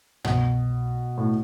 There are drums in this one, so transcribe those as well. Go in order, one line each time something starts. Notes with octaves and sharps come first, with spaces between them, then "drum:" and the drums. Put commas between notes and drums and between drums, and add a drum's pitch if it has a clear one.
B2, drum: tom
A2